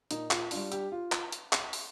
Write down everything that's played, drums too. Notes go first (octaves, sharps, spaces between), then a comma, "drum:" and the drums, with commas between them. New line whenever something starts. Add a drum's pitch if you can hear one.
A#2 D#4, drum: hi-hat
F4, drum: clap
G3 D4 F4, drum: open hi-hat
G4, drum: hi-hat
F4
drum: clap
drum: hi-hat
drum: clap
drum: open hi-hat